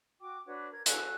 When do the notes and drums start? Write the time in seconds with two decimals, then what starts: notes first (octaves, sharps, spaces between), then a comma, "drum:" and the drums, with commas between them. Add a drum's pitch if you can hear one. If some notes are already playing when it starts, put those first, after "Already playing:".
0.21 F#4 G5 D6
0.46 D4 F#4 B4 C#5
0.71 A#4 G#6
0.86 F#4 A4 G#5 F#6, drum: hi-hat